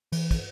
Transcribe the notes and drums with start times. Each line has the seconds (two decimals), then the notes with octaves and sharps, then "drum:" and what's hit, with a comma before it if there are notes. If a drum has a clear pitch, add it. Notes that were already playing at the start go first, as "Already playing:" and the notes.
0.12 E3, drum: cymbal
0.31 drum: kick, cymbal